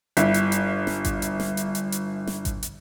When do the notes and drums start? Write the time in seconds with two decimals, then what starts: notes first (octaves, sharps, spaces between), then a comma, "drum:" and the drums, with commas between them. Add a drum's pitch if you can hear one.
0.17 G1 E4, drum: hi-hat
0.34 drum: hi-hat
0.52 drum: hi-hat
0.87 drum: snare
1.05 drum: kick G#1, hi-hat
1.22 drum: hi-hat
1.40 drum: snare
1.57 drum: hi-hat
1.75 drum: hi-hat
1.92 drum: hi-hat
2.27 drum: snare
2.45 drum: kick G#1, hi-hat
2.63 drum: hi-hat